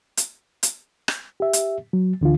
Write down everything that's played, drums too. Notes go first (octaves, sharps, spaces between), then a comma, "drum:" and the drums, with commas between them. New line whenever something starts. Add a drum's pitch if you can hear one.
drum: hi-hat
drum: hi-hat
drum: rim click
G4 E5
drum: hi-hat
F#3
D2 D3 E3 F4